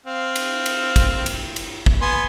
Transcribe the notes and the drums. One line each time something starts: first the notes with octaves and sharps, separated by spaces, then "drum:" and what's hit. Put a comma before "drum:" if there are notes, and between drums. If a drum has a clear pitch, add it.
C4 F5
drum: cymbal
drum: cymbal
drum: kick, cymbal
drum: cymbal
drum: cymbal
drum: kick
B3 G#5 C6